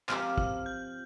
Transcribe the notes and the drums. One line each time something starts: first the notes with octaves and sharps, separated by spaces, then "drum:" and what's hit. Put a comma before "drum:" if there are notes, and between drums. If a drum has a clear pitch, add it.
F3 C4 G4 A#4 F6, drum: clap
F6, drum: kick
G6